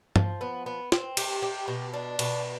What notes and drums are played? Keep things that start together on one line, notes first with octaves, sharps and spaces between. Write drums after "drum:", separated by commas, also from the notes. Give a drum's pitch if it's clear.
F3, drum: tom G2
B3
B3
C4, drum: snare
G4, drum: cymbal
G4
B2
D4
B2, drum: cymbal